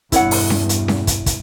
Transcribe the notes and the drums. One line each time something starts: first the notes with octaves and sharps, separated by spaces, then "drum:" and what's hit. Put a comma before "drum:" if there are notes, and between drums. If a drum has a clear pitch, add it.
E2 G2 B2 E4 C#5 F#5, drum: kick, hi-hat
drum: open hi-hat
drum: snare C#4
drum: hi-hat
drum: snare C#4
drum: kick, hi-hat
drum: kick, hi-hat